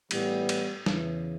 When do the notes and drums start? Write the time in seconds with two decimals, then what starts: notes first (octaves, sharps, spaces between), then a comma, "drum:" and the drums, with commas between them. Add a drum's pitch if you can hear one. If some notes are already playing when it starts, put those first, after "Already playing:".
0.11 A2 E3 G3 B3, drum: cymbal
0.49 drum: cymbal
0.86 E2 C#3 E3, drum: snare